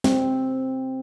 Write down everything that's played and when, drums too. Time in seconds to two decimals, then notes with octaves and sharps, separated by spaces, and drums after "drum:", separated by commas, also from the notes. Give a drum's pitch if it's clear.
0.04 C4, drum: snare